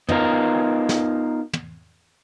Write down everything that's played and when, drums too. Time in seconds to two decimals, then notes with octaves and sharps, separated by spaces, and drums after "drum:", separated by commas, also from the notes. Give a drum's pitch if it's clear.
0.09 B3 D#4 F4 A#4, drum: tom
0.89 drum: snare
1.53 drum: tom